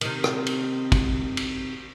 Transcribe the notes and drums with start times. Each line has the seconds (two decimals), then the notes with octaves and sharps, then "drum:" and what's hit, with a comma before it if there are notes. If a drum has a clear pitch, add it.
0.01 C3 D#3, drum: cymbal
0.24 drum: rim click
0.47 drum: cymbal
0.92 drum: kick, cymbal
1.37 drum: cymbal